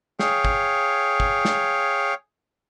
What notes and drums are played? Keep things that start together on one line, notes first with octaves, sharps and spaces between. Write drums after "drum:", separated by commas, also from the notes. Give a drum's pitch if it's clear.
G#4 C#5 F5 G5, drum: snare
drum: kick
drum: kick
drum: snare